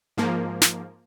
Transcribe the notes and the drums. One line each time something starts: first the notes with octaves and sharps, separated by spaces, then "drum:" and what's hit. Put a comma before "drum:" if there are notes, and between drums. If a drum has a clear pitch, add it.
G#2 F3 A#3
drum: snare